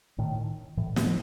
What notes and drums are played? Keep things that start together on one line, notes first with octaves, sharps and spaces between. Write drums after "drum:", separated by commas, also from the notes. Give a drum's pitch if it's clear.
A2 D#3
A2 E3
drum: snare
F3